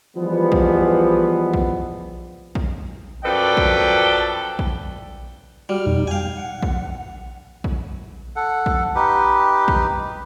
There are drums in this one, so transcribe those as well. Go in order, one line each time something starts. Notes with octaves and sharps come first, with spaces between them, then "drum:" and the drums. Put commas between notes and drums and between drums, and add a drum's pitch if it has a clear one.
E3 F3 G3 G#3 B3
drum: kick A#1
drum: kick A#1
drum: kick A#1
F#2 F3 A4 B4 D5 G5
drum: kick A#1
drum: kick A#1
G3 F#4 F6
F2 B2 D#4
G3 F5 G5 G#5
F#5
drum: kick A#1
drum: kick A#1
A4 F#5
drum: kick A#1
D#4 G4 B4
drum: kick A#1